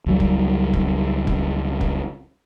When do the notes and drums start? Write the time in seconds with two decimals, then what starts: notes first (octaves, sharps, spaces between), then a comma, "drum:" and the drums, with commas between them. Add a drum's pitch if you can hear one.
0.06 C#2 F#3 G3
0.20 drum: kick
0.73 drum: kick
1.27 drum: kick
1.81 drum: kick